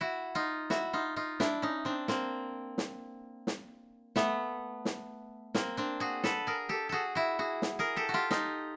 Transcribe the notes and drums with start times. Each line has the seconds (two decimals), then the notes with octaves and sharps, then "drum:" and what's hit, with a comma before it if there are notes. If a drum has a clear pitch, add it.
0.01 E4 F#4
0.35 D#4 F4
0.70 E4 F#4, drum: snare
0.93 D#4 F4
1.16 D#4 F4
1.40 D4 E4, drum: snare
1.62 C#4 D#4
1.85 C4 D4
2.08 A#3 C4, drum: snare
2.78 drum: snare
3.47 drum: snare
4.16 A3 B3, drum: snare
4.85 drum: snare
5.55 A#3 C4, drum: snare
5.77 C4 D4
6.00 F#4 G#4
6.24 A4 B4, drum: snare
6.47 G#4 A#4
6.69 G4 A4
6.89 F#4 G#4 A4
7.15 E4 F#4
7.39 F#4 G#4
7.62 drum: snare
7.79 G#4 A#4
7.96 G4 A4
8.09 F#4
8.14 F4 G4
8.31 D#4 F4, drum: snare